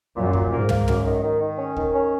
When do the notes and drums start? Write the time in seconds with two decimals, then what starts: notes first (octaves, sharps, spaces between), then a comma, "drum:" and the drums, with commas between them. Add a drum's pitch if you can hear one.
0.16 F#2 A#2
0.33 A#2, drum: kick
0.51 G#2 A#3
0.69 A#3, drum: tom
0.88 F#2, drum: tom
1.04 D#3
1.23 D#3
1.40 D#3
1.58 C#4
1.76 D#3, drum: kick
1.93 C#4